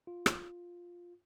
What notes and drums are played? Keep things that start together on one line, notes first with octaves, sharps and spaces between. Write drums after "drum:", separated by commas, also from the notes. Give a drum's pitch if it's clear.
F4
drum: rim click